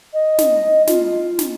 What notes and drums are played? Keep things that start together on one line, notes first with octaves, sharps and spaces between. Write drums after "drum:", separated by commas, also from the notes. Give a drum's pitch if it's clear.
D#5
drum: snare
F4, drum: snare
drum: snare